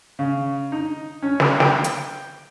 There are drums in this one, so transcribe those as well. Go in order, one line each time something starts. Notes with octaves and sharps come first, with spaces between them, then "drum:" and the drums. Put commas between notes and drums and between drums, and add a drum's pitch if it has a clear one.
C#3
D#4
C#4
drum: snare
G5, drum: snare
drum: hi-hat